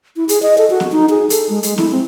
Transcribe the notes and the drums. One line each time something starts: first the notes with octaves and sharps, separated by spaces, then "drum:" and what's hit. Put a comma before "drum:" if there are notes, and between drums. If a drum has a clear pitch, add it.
E4
G#4, drum: hi-hat
D#5
A4
F#4
drum: snare
D#4
G#4
A4, drum: hi-hat
G#3
G#3, drum: hi-hat
E4, drum: snare
C4